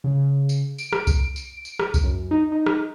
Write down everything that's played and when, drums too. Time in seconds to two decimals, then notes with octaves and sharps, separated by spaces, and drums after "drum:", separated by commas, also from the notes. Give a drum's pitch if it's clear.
0.04 C#3
0.49 drum: tambourine
0.78 D7, drum: tambourine
0.93 drum: rim click
1.07 drum: kick C2, tambourine
1.36 drum: tambourine
1.65 drum: tambourine
1.79 drum: rim click
1.94 drum: kick C2, tambourine
2.04 F#2
2.31 D#4
2.52 D#4
2.66 drum: rim click